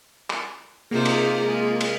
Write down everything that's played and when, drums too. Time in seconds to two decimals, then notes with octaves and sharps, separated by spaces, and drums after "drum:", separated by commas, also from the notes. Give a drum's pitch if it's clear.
0.30 drum: clap
0.91 C3 A#3 D#4 F4 G#4 C5
1.05 drum: cymbal
1.43 G#3
1.81 drum: cymbal